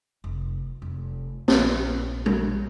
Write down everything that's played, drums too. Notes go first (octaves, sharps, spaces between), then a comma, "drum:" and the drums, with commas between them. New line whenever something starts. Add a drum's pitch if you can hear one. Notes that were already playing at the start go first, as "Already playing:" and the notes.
F1
F1
A#1, drum: snare
drum: tom